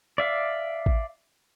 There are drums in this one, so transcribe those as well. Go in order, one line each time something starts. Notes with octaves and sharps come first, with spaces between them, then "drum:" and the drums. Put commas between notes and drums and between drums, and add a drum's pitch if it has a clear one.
D5 E5 F5
drum: kick A1